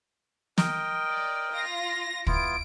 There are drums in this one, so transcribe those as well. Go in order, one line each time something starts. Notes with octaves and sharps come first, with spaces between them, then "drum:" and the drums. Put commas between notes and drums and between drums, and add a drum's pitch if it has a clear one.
A#4 D#5 G5, drum: snare
D5
F4 A#6
B3 E4 F4 D7, drum: kick